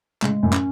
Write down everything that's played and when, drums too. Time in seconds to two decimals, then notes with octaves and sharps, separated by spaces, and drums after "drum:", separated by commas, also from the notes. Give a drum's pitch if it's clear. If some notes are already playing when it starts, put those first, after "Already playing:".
0.22 A2 C#3 G#3, drum: clap
0.43 F#2 A2
0.53 C#4, drum: clap